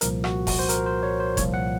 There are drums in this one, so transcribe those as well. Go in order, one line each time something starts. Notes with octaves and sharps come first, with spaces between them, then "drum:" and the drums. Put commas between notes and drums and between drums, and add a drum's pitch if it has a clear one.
C2 A#2 F3 A#4, drum: hi-hat
F#4, drum: rim click
F#4, drum: kick F1, open hi-hat
C5
A#4, drum: hi-hat
C5
C#5
C5
C2 A#2 F3 A#3 C#5, drum: kick F1, hi-hat
F#5